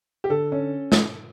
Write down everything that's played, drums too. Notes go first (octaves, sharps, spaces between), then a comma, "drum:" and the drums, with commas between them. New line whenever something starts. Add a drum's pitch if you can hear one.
G4
D3 A4
C#4
drum: snare